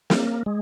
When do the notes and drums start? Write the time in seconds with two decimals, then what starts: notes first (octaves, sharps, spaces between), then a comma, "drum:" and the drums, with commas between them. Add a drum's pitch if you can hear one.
0.10 A#3, drum: snare
0.46 G#3